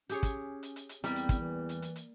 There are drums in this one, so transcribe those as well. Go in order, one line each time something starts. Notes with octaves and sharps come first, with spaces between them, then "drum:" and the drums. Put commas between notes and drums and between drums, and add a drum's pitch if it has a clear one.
C#4 G4 G#4 C#5, drum: hi-hat
drum: kick, hi-hat
drum: hi-hat
drum: hi-hat
drum: hi-hat
E2 G3 A#3 C4, drum: hi-hat
drum: hi-hat
drum: kick, hi-hat
E3
drum: hi-hat
drum: hi-hat
drum: hi-hat